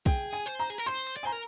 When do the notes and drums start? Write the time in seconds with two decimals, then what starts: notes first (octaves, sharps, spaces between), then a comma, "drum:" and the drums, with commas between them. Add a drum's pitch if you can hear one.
0.06 G#4 G5, drum: kick, hi-hat
0.33 G#5
0.46 C5
0.59 A#5
0.70 G#4
0.78 A#4
0.86 C5 C6, drum: hi-hat
1.07 drum: hi-hat
1.17 D5
1.23 C5 G#5 A#5
1.32 A#4